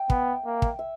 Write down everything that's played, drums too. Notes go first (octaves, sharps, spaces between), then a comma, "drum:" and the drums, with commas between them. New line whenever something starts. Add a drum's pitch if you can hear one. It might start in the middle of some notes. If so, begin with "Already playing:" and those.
Already playing: E5 G5
B3, drum: kick
A#3
drum: kick
E5